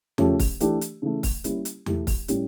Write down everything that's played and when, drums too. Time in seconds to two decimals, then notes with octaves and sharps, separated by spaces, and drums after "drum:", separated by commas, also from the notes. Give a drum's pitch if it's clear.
0.18 C#3 F3 A3 C#4 G4, drum: tom E2
0.39 drum: kick, open hi-hat
0.60 E3 A3 D4 G4, drum: hi-hat
0.81 drum: hi-hat
1.02 C#3 E3 A3
1.23 drum: kick, open hi-hat
1.44 G3 A#3 C#4 E4 G4, drum: hi-hat
1.65 drum: hi-hat
1.86 E3 A3 E4 G4, drum: tom E2
2.07 drum: kick, open hi-hat
2.28 A2 G3 C#4 G4, drum: hi-hat